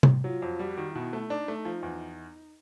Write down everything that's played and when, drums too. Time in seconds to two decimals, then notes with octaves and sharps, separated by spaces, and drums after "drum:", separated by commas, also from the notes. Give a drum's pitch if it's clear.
0.03 drum: tom C3
0.24 F#3 F4
0.42 F2
0.59 G3 F#4
0.77 D#3
0.95 B2 E4
1.13 A3
1.30 D4 D#4
1.48 A3
1.65 F3
1.83 E2